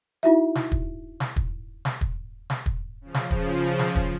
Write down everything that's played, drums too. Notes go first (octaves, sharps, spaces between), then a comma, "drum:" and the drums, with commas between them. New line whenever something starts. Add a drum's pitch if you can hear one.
D#4 E4 F#4 E5
drum: snare
drum: kick
drum: snare
drum: kick
drum: snare
drum: kick
drum: snare
drum: kick
C#3 F3
drum: snare
drum: kick
drum: snare
drum: kick